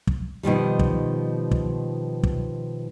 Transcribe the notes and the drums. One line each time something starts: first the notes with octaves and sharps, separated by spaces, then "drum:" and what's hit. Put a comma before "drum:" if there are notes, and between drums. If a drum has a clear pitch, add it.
drum: kick
B2 D#3 F3 G3
drum: kick
drum: kick
drum: kick